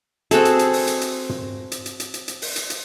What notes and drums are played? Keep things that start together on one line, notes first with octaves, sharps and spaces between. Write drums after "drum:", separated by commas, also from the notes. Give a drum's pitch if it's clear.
C4 F#4 G#4 A4, drum: hi-hat
drum: hi-hat
drum: hi-hat
drum: open hi-hat
drum: hi-hat
drum: hi-hat
drum: tom
drum: hi-hat
drum: hi-hat
drum: hi-hat
drum: hi-hat
drum: hi-hat
drum: open hi-hat
drum: hi-hat
drum: hi-hat